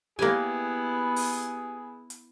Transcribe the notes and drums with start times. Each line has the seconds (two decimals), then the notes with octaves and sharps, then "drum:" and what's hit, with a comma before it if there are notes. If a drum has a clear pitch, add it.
0.19 A#3 B3 E4 G4 G#4 B4 D5 G#5
1.16 drum: open hi-hat
2.10 drum: hi-hat